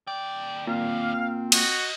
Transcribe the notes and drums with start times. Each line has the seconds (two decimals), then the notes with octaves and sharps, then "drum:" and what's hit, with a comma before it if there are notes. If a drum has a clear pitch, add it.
0.07 D#2 D5 G5
0.67 A#2 C4 F5
1.52 F#4 D#5, drum: cymbal